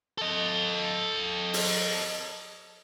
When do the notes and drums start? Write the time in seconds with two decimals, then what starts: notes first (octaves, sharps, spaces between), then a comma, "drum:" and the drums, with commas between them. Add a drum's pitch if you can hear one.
0.18 A4 D#5
1.53 drum: open hi-hat